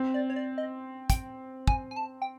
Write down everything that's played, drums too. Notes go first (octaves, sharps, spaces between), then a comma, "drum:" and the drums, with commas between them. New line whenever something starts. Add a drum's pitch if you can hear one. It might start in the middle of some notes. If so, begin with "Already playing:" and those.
Already playing: C4
D5
C#5
D5
D#5
G5, drum: kick, hi-hat
G#5, drum: kick
G#5
A5
G5